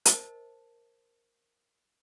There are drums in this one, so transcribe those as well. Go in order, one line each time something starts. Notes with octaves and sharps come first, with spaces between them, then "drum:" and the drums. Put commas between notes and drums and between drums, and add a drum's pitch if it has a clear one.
A#4 C5 D#5 A5, drum: hi-hat